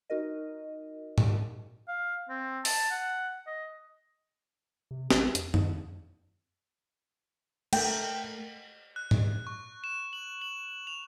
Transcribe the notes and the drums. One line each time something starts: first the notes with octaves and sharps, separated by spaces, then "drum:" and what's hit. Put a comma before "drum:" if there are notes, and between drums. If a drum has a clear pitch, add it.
D#4 F#4 A#4 D#5
drum: tom G#2
F5
C4
A5, drum: open hi-hat
F#5
D#5
C3
A1, drum: snare
F2, drum: hi-hat
drum: tom F#2
A3 A#4 G5, drum: cymbal
F#6
drum: tom G#2
C#6
E7
F#7
F#7
F7